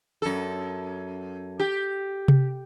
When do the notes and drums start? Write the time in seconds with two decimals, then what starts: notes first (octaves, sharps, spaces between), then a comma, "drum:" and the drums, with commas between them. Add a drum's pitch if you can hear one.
0.22 F#2 A4
1.60 G4
2.28 drum: tom C3